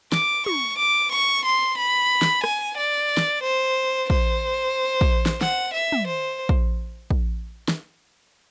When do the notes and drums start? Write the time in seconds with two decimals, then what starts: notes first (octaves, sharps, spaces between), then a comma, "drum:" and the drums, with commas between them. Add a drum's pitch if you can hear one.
0.12 D6, drum: snare
0.46 C#6, drum: tom
0.78 D6
1.12 C#6
1.45 C6
1.77 B5
2.22 drum: snare
2.44 G#5, drum: rim click
2.77 D5
3.17 drum: snare
3.43 C5
4.10 C5, drum: kick
5.01 drum: kick
5.26 drum: snare
5.41 F#5, drum: snare
5.74 E5
5.92 drum: tom
6.07 C5
6.49 drum: kick
7.11 drum: kick
7.68 drum: snare